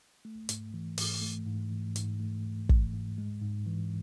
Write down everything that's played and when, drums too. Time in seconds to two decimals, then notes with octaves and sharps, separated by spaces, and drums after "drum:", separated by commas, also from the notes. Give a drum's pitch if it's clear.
0.25 A3
0.49 G#2, drum: hi-hat
0.74 E3
0.98 G#2, drum: open hi-hat
1.22 A3
1.46 G#2
1.71 E3
1.96 G#2, drum: hi-hat
2.20 A3
2.44 G#2
2.69 E3, drum: kick
2.93 G#2
3.18 G#3
3.41 G#2
3.66 E3